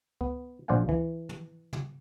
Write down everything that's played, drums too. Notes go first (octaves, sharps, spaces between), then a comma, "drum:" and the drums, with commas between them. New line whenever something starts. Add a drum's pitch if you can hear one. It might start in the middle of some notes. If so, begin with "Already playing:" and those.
B3, drum: kick C#2
A#1 C5 D5 F5 F#5 G#5
E3, drum: kick C#2
drum: tom
drum: tom